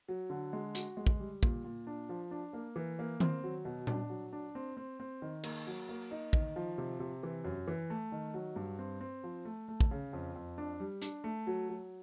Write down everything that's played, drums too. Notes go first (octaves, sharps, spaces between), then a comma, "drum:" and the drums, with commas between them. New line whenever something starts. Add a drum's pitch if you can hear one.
F#3
D3
G#3
F#4, drum: hi-hat
G#3
drum: kick
G3
A#2, drum: kick
A#2
D4
F3
D4
A#3
E3
A#3
C4, drum: tom D#3
F#3
B2
D4, drum: tom A#2
F#3
D4
C4
C4
C4
D#3
A#3, drum: cymbal
F#3
A#3
D#4
D#3, drum: kick
F3
C3
C3
E3
F#2
E3
A3
D#3
F#3
G2
C4
C4
F3
A3
A3
drum: kick
C#3
F2
F2
D4
G3
D4, drum: hi-hat
A3
F#3
F#3